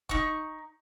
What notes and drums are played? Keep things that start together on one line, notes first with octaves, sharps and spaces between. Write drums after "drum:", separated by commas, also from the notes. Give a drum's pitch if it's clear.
D#4 C#6, drum: kick